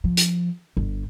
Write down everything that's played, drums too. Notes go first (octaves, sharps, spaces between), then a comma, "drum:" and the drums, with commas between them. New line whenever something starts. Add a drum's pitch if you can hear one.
F3
drum: hi-hat
G1